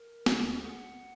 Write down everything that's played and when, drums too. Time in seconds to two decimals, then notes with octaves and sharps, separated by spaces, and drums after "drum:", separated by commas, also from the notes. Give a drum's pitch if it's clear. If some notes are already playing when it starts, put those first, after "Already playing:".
Already playing: A#4
0.26 D2 D3 G#3 G#4, drum: snare
0.66 F#5